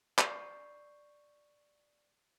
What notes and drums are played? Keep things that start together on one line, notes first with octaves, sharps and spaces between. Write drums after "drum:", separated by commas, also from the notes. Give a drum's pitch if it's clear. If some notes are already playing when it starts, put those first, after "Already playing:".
D5 C#6 G6 C7, drum: clap